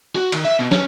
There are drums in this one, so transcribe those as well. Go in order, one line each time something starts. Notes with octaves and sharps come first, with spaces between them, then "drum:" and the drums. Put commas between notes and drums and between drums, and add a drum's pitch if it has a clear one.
F#4
D#3, drum: cymbal
E5
B2
C#4, drum: snare